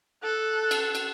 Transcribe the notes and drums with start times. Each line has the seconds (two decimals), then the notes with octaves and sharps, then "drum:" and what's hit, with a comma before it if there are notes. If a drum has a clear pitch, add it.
0.24 A4 F#6
0.71 drum: cymbal
0.95 drum: cymbal